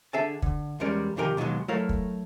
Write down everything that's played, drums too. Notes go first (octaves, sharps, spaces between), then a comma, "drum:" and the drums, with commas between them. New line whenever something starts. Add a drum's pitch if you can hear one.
D3 G#4 E5 G#5 A5
D3, drum: kick
E2 G3 G#3 C#4 A#4 D5
C2 F2 D#3 G4 A#4 G#5
D#2 B2 D#3 E3 F#3 G#3
F#3 A3 E4 A#4 C#5 F5
drum: kick